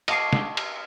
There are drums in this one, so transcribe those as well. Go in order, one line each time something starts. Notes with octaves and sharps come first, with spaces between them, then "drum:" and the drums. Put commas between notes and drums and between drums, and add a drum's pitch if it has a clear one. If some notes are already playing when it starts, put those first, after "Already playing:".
D#5 F5 A5 C#6 D6 C7, drum: cymbal
drum: snare
drum: cymbal